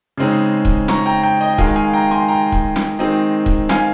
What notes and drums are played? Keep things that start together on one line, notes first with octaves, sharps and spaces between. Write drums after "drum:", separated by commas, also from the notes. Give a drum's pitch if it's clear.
C#3 G#3 C4 D#4
drum: kick
A#5 C#6, drum: snare
G5 A#5
G5 A#5
D#5 G5
D#3 G#3 D#4 F5 G#5, drum: kick
F5 G#5
G5 A#5
G#5 C6
G5 A#5
drum: kick
drum: snare
D#3 G#3 C4 D#4
drum: kick
F5 G#5, drum: snare